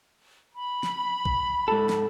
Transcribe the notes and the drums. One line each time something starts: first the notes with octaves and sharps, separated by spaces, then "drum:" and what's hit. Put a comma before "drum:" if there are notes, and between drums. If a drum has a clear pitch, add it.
B5
drum: snare
drum: kick B1
G#2 A4
drum: snare